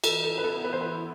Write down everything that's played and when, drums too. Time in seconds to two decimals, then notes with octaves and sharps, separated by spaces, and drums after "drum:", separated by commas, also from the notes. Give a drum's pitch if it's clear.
0.04 E3 A4, drum: cymbal
0.24 A4
0.38 B4
0.44 B3 E4 A4
0.64 B4
0.73 C5
0.81 E3 B4